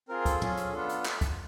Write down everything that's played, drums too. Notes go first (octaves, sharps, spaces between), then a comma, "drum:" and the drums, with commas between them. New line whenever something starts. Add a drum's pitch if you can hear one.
C4 F4 G#4 A#4
A4, drum: kick, hi-hat
C#4 F4 G#4, drum: tom
drum: hi-hat
B3 D4 F4 A4
drum: hi-hat
drum: clap
drum: kick, hi-hat